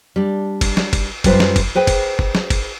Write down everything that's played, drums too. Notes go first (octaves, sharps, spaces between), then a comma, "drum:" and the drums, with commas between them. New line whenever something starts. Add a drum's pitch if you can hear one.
G3 D4
drum: kick, cymbal
drum: snare
drum: kick, cymbal
F#2 G3 F4 B4 C5 G5, drum: kick, cymbal
drum: snare
drum: kick, cymbal
G#4 B4 C5 G5
drum: kick, cymbal
drum: kick
drum: snare
drum: kick, cymbal